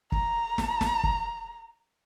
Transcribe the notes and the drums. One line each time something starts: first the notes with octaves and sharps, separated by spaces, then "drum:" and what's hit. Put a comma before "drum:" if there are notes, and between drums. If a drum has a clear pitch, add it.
A#5, drum: kick
drum: snare
drum: snare
drum: kick